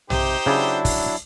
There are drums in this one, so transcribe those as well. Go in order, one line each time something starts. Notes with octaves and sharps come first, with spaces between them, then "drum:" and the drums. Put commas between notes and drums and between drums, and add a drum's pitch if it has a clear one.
C3 D#4 G4 C5, drum: tom
C#3 F#3 D4 E4 G#4 D5
drum: kick, open hi-hat